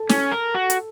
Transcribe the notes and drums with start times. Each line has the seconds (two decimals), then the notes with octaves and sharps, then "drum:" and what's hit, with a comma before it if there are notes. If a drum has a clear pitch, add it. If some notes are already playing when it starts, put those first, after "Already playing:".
Already playing: A4
0.09 C#4, drum: snare
0.32 A#4
0.55 F#4
0.70 drum: hi-hat